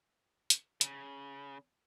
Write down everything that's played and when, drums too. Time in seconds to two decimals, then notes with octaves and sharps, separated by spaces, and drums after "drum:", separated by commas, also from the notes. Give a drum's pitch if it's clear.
0.50 drum: hi-hat
0.81 C#3, drum: hi-hat